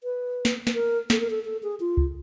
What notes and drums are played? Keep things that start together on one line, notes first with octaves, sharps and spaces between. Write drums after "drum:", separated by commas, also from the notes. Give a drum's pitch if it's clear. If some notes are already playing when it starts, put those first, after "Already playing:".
B4
drum: snare
B4, drum: snare
A#4
A4, drum: snare
A#4
A4
A4
G#4
F4
drum: kick C#2